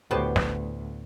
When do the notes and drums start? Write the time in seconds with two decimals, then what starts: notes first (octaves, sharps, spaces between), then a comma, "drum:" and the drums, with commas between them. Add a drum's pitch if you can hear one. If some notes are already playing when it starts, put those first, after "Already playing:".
0.11 D2 A2 B3 F#4 G4 C5 A5
0.36 drum: snare